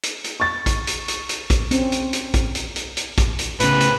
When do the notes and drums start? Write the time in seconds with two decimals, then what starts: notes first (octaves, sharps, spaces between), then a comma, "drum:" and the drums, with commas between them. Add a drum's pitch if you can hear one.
0.03 drum: hi-hat
0.24 drum: hi-hat
0.40 C#6 A6
0.66 drum: kick, hi-hat
0.87 drum: hi-hat
1.08 drum: hi-hat
1.29 drum: hi-hat
1.50 drum: kick, hi-hat
1.71 C4 C#4, drum: hi-hat
1.92 drum: hi-hat
2.13 drum: hi-hat
2.34 drum: kick, hi-hat
2.55 drum: hi-hat
2.76 drum: hi-hat
2.97 drum: hi-hat
3.18 drum: kick, hi-hat
3.39 drum: hi-hat
3.60 A2 C#3 B4, drum: hi-hat
3.81 drum: hi-hat